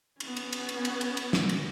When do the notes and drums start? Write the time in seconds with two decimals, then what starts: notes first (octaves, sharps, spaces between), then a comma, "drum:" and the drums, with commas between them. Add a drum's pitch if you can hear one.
0.20 B3 C#4, drum: cymbal
0.36 drum: cymbal
0.53 drum: cymbal
0.69 drum: cymbal
0.85 drum: cymbal
1.01 drum: cymbal
1.17 drum: cymbal
1.33 drum: snare
1.49 drum: cymbal